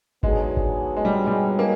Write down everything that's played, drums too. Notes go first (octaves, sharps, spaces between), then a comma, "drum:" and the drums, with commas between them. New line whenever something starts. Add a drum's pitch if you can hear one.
D3 F#3 G#3 B3 D#4 G#4, drum: kick G1
drum: kick G1
G#3
G3
G3
G#3
G#3 A#3